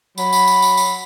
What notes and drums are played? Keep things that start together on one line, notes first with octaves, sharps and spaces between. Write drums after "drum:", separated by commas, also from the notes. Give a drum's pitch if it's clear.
F#3 B5, drum: tambourine
drum: tambourine
drum: tambourine
drum: tambourine
drum: tambourine